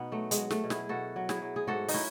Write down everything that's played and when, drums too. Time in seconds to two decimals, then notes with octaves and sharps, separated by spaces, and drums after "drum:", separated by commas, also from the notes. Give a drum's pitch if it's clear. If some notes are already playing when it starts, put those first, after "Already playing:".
Already playing: B2 B3 D#4
0.12 F#3 A3
0.31 G#3, drum: hi-hat
0.37 F#3
0.51 A3, drum: snare
0.64 B2
0.70 E4 G#4, drum: snare
0.89 B2 F#4 A4
1.16 F#3
1.29 E4 G#4, drum: snare
1.42 F#3
1.56 G#4
1.67 G#2 F#4 A4
1.88 D#4, drum: open hi-hat
1.94 C#4 E4